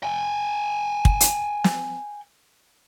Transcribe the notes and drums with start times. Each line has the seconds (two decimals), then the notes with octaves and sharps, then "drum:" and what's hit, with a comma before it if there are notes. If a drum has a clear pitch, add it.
0.03 G5 G#5
1.05 drum: kick
1.20 drum: hi-hat
1.64 drum: snare